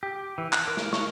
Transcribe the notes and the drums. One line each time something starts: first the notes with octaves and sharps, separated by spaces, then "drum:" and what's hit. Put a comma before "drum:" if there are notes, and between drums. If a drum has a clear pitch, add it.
G4
E3
F#6, drum: clap
A#4
drum: snare
C#6, drum: snare